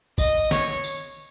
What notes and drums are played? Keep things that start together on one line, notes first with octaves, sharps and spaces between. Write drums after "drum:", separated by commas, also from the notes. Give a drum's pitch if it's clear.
D#5, drum: kick, tambourine
C#5, drum: snare
drum: tambourine